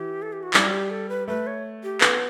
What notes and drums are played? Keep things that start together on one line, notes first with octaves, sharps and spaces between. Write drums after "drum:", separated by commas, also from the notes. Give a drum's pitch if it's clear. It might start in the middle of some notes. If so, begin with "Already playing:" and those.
Already playing: E3 G4
A4
G4
F#4
G3 E4, drum: clap
F#4
G4
A4
B4
A3 B4
C#5
G4
B3 A4, drum: clap